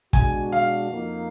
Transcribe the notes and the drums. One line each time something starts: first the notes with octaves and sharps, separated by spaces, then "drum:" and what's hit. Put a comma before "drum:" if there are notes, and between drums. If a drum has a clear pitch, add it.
B2 G#3 D4 F#4 G#5, drum: kick
F5
F2 F3 A#3 D#4